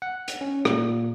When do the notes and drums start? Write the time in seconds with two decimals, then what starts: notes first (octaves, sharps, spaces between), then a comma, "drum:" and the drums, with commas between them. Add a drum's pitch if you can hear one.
0.02 F#5
0.28 drum: hi-hat
0.41 C#4
0.65 A#2, drum: rim click